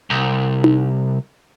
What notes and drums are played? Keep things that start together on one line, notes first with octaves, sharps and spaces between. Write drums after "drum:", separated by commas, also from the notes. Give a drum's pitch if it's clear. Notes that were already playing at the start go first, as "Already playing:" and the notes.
C2
drum: tom D#4